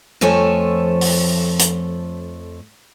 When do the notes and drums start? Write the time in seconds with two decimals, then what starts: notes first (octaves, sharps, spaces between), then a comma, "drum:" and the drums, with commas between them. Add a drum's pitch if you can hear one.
0.21 F2 F3 A3 A4 C#5 G#5
1.01 drum: open hi-hat
1.59 drum: hi-hat